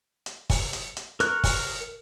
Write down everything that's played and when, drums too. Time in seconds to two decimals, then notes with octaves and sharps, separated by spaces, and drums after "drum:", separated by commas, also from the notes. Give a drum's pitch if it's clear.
0.26 drum: hi-hat
0.50 drum: kick, open hi-hat
0.73 drum: hi-hat
0.97 drum: hi-hat
1.20 A#4 C#6 F#6, drum: hi-hat
1.44 drum: kick, open hi-hat